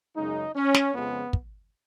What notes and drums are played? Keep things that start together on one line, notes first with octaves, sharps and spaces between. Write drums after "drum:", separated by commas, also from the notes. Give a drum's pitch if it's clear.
F#2 C#3 G#3 D#4
C#4
drum: snare
F2 C#3 F3 G#3 B3
drum: kick